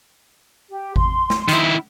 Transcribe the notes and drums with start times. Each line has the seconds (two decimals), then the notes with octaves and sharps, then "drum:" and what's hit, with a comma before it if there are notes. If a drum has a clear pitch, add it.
0.69 G4
0.96 C6, drum: kick G#1
1.30 drum: snare
1.48 D#3 E4, drum: hi-hat